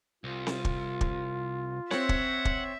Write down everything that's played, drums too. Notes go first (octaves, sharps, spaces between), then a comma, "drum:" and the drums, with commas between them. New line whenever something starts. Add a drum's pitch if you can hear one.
C2 F4
drum: snare C4
drum: kick
drum: kick
C4 C#5 E5 F#5, drum: snare C4
drum: kick
drum: kick